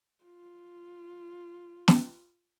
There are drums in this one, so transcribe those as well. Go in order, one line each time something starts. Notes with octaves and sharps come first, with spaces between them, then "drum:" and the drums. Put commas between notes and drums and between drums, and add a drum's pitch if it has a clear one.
F4
drum: snare